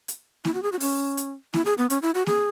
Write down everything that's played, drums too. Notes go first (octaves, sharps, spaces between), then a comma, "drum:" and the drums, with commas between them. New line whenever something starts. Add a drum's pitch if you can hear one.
drum: hi-hat
E4, drum: snare A#3
F#4
G#4
F#4
C#4, drum: open hi-hat
drum: hi-hat
E4, drum: snare A#3
G#4
B3
C#4, drum: hi-hat
E4
F#4
G#4, drum: snare A#3